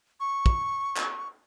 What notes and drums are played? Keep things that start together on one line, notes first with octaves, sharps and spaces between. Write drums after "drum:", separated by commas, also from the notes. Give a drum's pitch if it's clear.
C#6
drum: kick
drum: clap